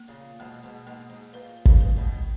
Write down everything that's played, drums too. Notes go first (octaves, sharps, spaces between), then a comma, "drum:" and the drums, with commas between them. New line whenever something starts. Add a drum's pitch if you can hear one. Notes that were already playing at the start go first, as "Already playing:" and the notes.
Already playing: A#3
A#2 C#3
G#2 B2 A#3
G#2 B2
G#2 B2 A#3
G#2
A#2 B4
A#2 C#3, drum: kick
B4
B2 D#3